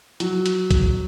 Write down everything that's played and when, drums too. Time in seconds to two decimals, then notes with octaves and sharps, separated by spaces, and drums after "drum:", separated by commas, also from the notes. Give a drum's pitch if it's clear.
0.20 F#3, drum: hi-hat
0.46 drum: hi-hat
0.71 drum: kick, hi-hat